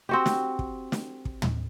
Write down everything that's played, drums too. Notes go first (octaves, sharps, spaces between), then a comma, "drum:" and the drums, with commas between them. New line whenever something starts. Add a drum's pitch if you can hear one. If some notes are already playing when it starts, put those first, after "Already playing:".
C4 F#4 G4
drum: snare
drum: kick
drum: snare
drum: kick
drum: tom